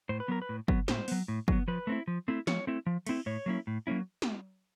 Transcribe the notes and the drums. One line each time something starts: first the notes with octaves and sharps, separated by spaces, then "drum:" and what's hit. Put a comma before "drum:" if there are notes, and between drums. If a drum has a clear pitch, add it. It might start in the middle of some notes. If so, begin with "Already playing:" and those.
A2 C5
B4
F#3 B3 A#4
B4
A2
F#3 B3, drum: kick
A2 C5, drum: snare
F#3 B3, drum: open hi-hat
A2
F#3 B3, drum: kick
F3 B4
A3 C4 E4
F3
A3 C4 E4
F3 C#5, drum: snare
A3 C4 E4
F3
A3 C4 E4, drum: cymbal
A2 C#5
F#3 A#3 C#4 E4
A2
F#3 A#3 C#4 E4
drum: snare